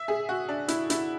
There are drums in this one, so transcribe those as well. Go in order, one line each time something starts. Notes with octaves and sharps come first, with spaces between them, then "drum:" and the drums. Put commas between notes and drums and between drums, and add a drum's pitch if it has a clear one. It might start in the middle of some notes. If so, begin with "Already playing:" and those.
Already playing: E5
G#4
F#4
D4
E4, drum: hi-hat
E4, drum: hi-hat